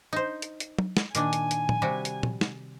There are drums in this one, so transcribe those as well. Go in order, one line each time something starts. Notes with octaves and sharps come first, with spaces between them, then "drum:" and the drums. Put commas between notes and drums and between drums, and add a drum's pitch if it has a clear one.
D#4 C5
drum: hi-hat
drum: hi-hat
drum: tom
drum: snare
A#2 D#3 D4 G#5, drum: hi-hat
drum: hi-hat
drum: hi-hat
drum: tom
C3 G3 F#4
drum: hi-hat
drum: tom
drum: snare